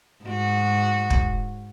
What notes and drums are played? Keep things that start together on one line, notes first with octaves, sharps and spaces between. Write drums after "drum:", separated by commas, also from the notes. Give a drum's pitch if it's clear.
G#2 F#4
drum: kick